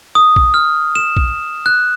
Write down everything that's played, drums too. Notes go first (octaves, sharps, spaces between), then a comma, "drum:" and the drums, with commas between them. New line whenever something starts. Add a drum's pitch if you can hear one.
D#6
drum: kick A#1
F6
E7
drum: kick A#1
F#6